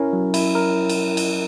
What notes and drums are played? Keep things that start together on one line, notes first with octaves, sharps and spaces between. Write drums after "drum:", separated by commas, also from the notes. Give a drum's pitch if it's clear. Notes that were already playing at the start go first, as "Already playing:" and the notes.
Already playing: C#4 E4 A#4
F#3
E4, drum: cymbal
A#4
drum: cymbal
drum: cymbal